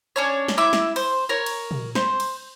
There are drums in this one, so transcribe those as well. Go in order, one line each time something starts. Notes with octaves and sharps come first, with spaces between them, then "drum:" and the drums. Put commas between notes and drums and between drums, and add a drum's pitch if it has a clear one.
C#4 D4 C#5
drum: snare
E4 E5 D6
drum: snare
C5, drum: cymbal
A#4 C#5
drum: cymbal
drum: tom A#2
C5, drum: snare
drum: cymbal